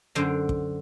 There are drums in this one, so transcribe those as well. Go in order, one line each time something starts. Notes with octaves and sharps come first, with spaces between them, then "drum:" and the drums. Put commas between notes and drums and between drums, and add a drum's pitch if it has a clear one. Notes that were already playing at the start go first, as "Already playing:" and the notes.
F#2 D3 D4 C5 A#5
drum: kick